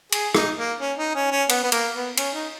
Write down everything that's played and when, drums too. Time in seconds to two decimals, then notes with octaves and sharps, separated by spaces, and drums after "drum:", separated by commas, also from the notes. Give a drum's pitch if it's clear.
0.12 G#4, drum: cymbal
0.35 D#4, drum: rim click
0.58 A#3
0.80 C#4
0.98 D#4
1.15 C#4
1.32 C#4
1.49 B3, drum: cymbal
1.63 B3
1.72 A#3, drum: cymbal
1.95 B3
2.17 C#4, drum: cymbal
2.35 D#4